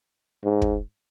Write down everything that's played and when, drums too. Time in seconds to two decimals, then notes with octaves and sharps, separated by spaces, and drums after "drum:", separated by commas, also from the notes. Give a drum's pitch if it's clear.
0.44 G#2
0.62 drum: kick